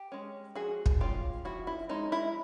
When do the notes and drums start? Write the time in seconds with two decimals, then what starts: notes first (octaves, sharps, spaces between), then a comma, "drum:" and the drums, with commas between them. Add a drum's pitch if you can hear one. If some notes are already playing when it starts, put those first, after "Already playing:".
Already playing: G4
0.12 G#3 C#4
0.55 F3 F#4 G#4
0.86 drum: kick
1.01 G#3 C#4 F4 G4
1.45 F3 E4 F#4
1.67 E4
1.89 G#3 C#4 D#4
2.12 E4